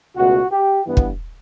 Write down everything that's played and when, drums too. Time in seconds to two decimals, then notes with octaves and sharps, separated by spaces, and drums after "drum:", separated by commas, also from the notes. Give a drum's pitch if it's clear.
0.16 C#2 B2 A3 F#4
0.51 G4
0.85 G2 E3 B3
0.97 drum: kick